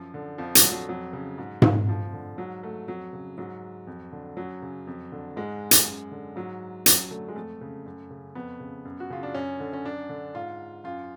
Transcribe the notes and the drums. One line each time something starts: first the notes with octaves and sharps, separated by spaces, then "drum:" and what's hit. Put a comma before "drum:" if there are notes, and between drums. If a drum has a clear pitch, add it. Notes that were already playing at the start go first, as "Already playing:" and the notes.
Already playing: F#2 F3
D3
F2 F3
F#3, drum: hi-hat
D3
F#3
F2 F#3
C#3
G#2
drum: tom G#2
F2 F3
D3
G#2 F#3
A3
F2 F#3
C#3
G#2 F#3
F2
D3
F#2 F#3
C#3
F2
D3
G#2 G#3
drum: hi-hat
F#2
D3
G#2 F#3
F#2 F#3, drum: hi-hat
D3 A3
G#3
F2 A3
C#3
F#2
C#3
F2 B3
C#3
F#2
F#4
C#3 F4
D4
F#2 C#4
D3
C#4
F#2 D4
D3
G#2 F4
F#2 F4